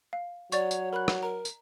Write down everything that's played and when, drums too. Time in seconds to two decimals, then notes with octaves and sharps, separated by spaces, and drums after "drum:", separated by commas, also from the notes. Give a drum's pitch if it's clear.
0.13 F5
0.52 F#3 C#5 D5 C#6, drum: tambourine
0.71 drum: tambourine
0.93 A#4 B5 F#6
1.08 drum: rim click
1.23 A#4 A#5
1.45 drum: tambourine